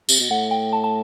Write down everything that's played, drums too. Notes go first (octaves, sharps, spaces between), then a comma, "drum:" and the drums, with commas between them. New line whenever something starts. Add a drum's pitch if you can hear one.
C3, drum: tambourine
B2
A2 F#5
G5
A5
A5